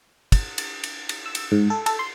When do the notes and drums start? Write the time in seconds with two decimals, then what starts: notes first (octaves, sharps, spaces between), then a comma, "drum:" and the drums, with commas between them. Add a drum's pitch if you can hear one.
0.32 drum: kick, cymbal
0.58 drum: cymbal
0.84 drum: cymbal
1.09 drum: cymbal
1.26 E6
1.35 drum: cymbal
1.52 G#2
1.70 A4
1.86 A4, drum: cymbal
1.99 C6